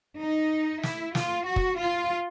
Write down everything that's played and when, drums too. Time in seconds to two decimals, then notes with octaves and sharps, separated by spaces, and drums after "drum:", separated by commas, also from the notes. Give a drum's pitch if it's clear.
0.19 D#4
0.83 E4, drum: snare
1.15 F4, drum: snare
1.47 F#4
1.56 drum: kick
1.78 F4